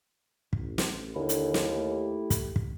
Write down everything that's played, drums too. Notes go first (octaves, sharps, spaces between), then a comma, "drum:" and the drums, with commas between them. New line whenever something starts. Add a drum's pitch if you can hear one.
A1, drum: kick
drum: snare
D#2 D3 E4
drum: hi-hat
drum: snare
A3 G4
drum: kick, hi-hat
drum: kick